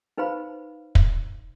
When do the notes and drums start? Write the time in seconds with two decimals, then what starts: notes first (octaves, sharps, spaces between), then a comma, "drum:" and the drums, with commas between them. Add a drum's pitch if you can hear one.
0.18 D#4 B4 C5 F5 B5
0.95 drum: kick